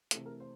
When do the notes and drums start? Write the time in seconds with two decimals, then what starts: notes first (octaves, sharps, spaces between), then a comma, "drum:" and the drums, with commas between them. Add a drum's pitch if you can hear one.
0.11 C3 E3 A3 A4, drum: hi-hat
0.26 A#4
0.40 C5